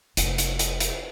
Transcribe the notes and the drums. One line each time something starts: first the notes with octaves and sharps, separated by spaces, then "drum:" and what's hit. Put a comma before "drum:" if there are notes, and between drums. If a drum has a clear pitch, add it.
F1, drum: hi-hat
drum: hi-hat
drum: hi-hat
drum: hi-hat